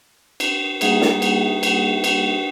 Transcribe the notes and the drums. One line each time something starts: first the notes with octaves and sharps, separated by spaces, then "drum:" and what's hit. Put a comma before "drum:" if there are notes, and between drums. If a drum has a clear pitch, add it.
drum: cymbal
G3 A#3 D#4 G#4 E5 F#5, drum: cymbal
drum: snare
drum: cymbal
drum: cymbal
drum: cymbal